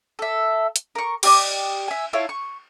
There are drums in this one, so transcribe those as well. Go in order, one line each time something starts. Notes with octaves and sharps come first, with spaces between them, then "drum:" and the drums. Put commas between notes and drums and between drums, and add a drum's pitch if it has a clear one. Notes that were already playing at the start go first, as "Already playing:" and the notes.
A4 E5
drum: hi-hat
A#4 C#6
G4 A4 D5 D#5, drum: cymbal
E5 G#5
E4 F4 C#5 A5
C#6